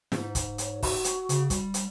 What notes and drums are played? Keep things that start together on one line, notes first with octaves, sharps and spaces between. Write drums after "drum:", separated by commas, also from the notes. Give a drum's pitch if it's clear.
G#2, drum: snare
drum: kick, hi-hat
C#5, drum: hi-hat
F#4, drum: kick, open hi-hat
drum: hi-hat
C#3, drum: hi-hat
G3, drum: kick, hi-hat
drum: hi-hat